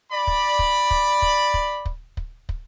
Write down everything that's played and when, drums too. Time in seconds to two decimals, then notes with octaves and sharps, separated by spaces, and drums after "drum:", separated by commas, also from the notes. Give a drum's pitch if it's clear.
0.12 D5 B5
0.27 drum: kick
0.59 drum: kick
0.91 drum: kick
1.22 drum: kick
1.54 drum: kick
1.86 drum: kick
2.17 drum: kick
2.49 drum: kick